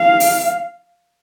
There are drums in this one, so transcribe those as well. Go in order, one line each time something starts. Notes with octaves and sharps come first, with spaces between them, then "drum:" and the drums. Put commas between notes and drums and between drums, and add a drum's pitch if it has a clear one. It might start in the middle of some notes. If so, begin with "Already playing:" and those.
Already playing: F5
drum: open hi-hat